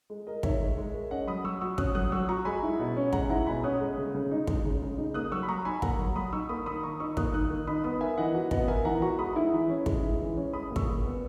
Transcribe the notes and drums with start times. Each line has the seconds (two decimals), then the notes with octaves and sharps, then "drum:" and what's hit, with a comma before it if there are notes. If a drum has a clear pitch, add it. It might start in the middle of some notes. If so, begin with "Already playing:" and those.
0.10 G#3
0.27 A#4 D#5
0.43 D#4 C#5 E5, drum: kick
0.61 G#3
0.78 G#3
0.94 A#4
1.11 C#4 D#5 F#5
1.27 F#3 B5 D#6
1.44 F#3 C#6 E6
1.61 F#4 C#6 E6
1.78 C#4 D#6 F#6, drum: kick
1.95 F#3 D#6 F#6
2.12 F#3 C#6 E6
2.29 F#4 A#5 C#6
2.45 G#3 G#5 B5
2.62 E4
2.79 B2
2.97 C#4
3.13 G#3 F#5 A#5, drum: kick
3.29 E4 F#5 A#5
3.47 B2 G#5 B5
3.64 C#4 D#6 F#6
3.80 G#3
3.98 C#3
4.15 C#3
4.31 D#4
4.47 G#3, drum: kick
4.64 C#3
4.82 C#3
4.98 D#4
5.14 A#3 D#6 F#6
5.32 F#3 C#6 E6
5.43 B5
5.48 F#3 A#5 C#6
5.65 D#4 G#5 B5
5.82 A#3 F#5 A#5, drum: kick
5.99 F#3
6.16 F#3 B5 D#6
6.33 D#4 C#6 E6
6.49 A#3 B5 D#6
6.66 D#3 B5 D#6
6.83 D#3 A#5 C#6
7.00 D#4 C#6 E6
7.17 A#3 D#6 F#6, drum: kick
7.33 D#3 D#6 F#6
7.50 D#3
7.67 D#4 B5 D#6
7.84 B3 B5 D#6
8.01 A#4 E5 G#5
8.18 E3 D#5 F#5
8.34 F#4
8.51 B3 D#5 F#5, drum: kick
8.68 A#4 E5 G#5
8.85 E3 F#5 A#5
9.02 F#4 A#5 C#6
9.19 G#3 B5 D#6
9.36 E4
9.53 E3
9.70 C#4
9.86 G#3, drum: kick
10.02 E4
10.20 E3
10.37 C#4
10.53 G#3 B5 D#6
10.71 A#2
10.76 C#6 E6, drum: kick
10.87 A#2
11.05 B3